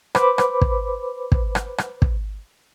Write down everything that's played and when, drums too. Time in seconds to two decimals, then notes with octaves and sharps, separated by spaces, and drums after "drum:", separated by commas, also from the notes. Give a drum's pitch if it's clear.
0.15 B4 C5 B5 D6, drum: rim click
0.38 drum: rim click
0.61 drum: kick
1.32 drum: kick
1.55 drum: rim click
1.78 drum: rim click
2.02 drum: kick